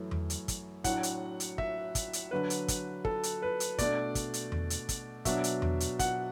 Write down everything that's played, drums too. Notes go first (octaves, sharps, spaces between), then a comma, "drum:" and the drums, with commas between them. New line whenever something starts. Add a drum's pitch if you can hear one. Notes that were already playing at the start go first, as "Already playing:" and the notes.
Already playing: F#2 E3 A3 E4
drum: tom E2
drum: hi-hat
drum: kick, hi-hat
A2 F#3 D4 F#5, drum: kick, hi-hat
drum: hi-hat
drum: hi-hat
E5, drum: kick
drum: kick, hi-hat
drum: hi-hat
D3 F#3 D4 B4
drum: hi-hat
drum: kick, hi-hat
A4, drum: kick
drum: hi-hat
B4
drum: hi-hat
B2 A3 D4 D5, drum: kick, hi-hat
drum: kick, hi-hat
drum: hi-hat
drum: tom E2
drum: hi-hat
drum: kick, hi-hat
B2 F#3 D4 E5, drum: kick, hi-hat
drum: hi-hat
drum: tom E2
drum: hi-hat
F#5, drum: kick, hi-hat